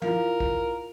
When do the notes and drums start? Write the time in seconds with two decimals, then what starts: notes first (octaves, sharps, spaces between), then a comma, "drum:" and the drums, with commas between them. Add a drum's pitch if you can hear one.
0.02 E4 F4 A#4 F5, drum: tom
0.40 drum: kick